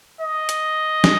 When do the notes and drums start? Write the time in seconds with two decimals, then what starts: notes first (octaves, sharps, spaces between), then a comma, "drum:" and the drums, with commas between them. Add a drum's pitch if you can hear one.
0.21 D#5
0.49 drum: hi-hat
1.04 drum: snare